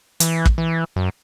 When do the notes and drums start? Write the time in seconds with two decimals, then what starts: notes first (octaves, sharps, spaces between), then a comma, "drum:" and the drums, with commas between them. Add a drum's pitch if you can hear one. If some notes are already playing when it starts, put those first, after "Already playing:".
0.20 E3, drum: hi-hat
0.46 drum: kick
0.58 E3
0.96 F#2